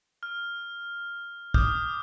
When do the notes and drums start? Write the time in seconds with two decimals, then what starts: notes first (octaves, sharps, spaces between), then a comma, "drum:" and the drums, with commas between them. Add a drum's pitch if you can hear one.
0.23 F6
1.54 D6 D#6 F6 G6, drum: kick B1